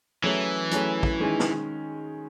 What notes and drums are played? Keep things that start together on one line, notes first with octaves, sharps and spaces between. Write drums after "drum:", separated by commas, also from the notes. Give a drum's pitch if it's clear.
E3 F#3 A3 C#4 G#4 C#5
F#3 A3 C#4 G#4 C#5, drum: hi-hat
drum: kick
D#3 G#3 C#4
drum: snare